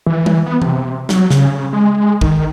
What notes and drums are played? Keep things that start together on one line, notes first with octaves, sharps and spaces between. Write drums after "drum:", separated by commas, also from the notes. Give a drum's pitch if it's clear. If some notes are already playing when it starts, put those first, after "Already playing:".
E3
drum: tom G3
B3
C3, drum: tom E3
F#3, drum: snare
C#3, drum: snare
G#3
D#3, drum: kick